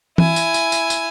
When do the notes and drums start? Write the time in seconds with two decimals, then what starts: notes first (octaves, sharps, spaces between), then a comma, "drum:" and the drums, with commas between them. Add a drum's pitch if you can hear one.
0.18 E4 G#5, drum: tom E3
0.36 drum: tambourine
0.54 drum: tambourine
0.72 drum: tambourine
0.90 drum: tambourine